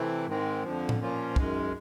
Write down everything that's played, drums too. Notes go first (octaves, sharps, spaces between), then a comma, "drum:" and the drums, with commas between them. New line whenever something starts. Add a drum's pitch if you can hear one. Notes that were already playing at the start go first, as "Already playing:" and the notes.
Already playing: C3 E3 A3 C4 E4
G#2 D#3 G#3 C4
F2 D3 F3
drum: tom A2
A#2 F3 A#3 C#4 F4
F#2 D#3 G#3, drum: kick